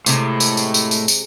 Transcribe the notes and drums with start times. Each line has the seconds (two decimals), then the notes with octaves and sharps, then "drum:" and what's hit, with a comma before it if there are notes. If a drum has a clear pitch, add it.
0.06 A2 C3 G#3, drum: tambourine
0.40 drum: tambourine
0.57 drum: tambourine
0.74 drum: tambourine
0.91 drum: tambourine
1.08 drum: tambourine